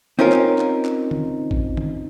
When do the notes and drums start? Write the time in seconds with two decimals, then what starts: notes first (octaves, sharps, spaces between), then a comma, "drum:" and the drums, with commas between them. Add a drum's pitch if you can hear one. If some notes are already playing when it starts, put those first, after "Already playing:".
0.19 C4 C#4 D#4 F4 A#4
0.32 drum: clap
0.58 drum: clap
0.85 drum: clap
1.11 drum: tom
1.51 drum: kick A1
1.77 drum: tom